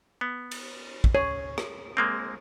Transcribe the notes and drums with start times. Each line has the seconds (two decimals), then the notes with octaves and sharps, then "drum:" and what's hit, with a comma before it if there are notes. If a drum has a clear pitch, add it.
0.21 B3
0.51 drum: cymbal
1.04 drum: kick
1.15 G#4 C#5
1.58 drum: rim click
1.97 G#3 A#3 C4